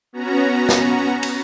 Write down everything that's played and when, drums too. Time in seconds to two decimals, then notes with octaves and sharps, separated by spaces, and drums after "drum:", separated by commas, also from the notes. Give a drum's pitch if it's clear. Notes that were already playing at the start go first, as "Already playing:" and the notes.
0.13 B3 C#4 F#4 A#5
0.69 drum: snare
1.23 drum: cymbal